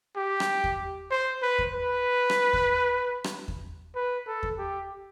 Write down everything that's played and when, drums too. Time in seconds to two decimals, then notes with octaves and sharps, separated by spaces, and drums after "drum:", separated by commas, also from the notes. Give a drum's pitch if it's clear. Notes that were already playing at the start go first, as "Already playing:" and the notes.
0.17 G4
0.40 drum: rim click
0.64 drum: kick E2
1.11 C5
1.42 B4
1.59 drum: kick E2
1.74 B4
2.30 drum: rim click
2.53 drum: kick E2
3.24 drum: rim click
3.48 drum: kick E2
3.95 B4
4.27 A4
4.43 drum: kick E2
4.58 G4